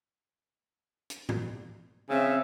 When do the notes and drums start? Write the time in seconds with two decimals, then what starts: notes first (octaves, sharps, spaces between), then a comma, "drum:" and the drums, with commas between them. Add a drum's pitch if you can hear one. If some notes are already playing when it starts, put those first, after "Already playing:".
1.10 drum: hi-hat
1.29 drum: tom G#2
2.09 C#3 C4 E5